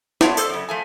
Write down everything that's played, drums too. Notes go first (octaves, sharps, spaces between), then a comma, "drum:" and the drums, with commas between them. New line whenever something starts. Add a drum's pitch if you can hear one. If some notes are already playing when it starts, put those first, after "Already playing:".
A3 B3 D4 F4 C#5, drum: snare
A4 C5 D5, drum: tambourine
F#2 C#3
F3 A3 G#5